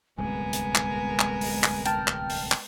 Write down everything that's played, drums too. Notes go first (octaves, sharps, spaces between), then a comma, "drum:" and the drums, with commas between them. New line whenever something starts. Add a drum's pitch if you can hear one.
D1 C2 F#2 G#3 B3 A#4 G#5
drum: hi-hat
drum: clap
drum: clap
drum: open hi-hat
drum: clap
G5 A5 F6, drum: hi-hat
drum: clap
drum: open hi-hat
drum: clap